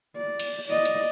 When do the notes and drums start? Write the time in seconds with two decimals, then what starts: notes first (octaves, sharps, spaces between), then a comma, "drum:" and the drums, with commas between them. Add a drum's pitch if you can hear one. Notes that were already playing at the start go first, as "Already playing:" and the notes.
0.17 D5
0.40 drum: cymbal
0.67 D5 D#5
0.85 drum: cymbal